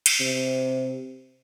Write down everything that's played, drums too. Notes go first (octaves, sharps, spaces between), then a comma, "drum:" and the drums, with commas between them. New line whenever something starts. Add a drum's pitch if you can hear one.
drum: cymbal
C3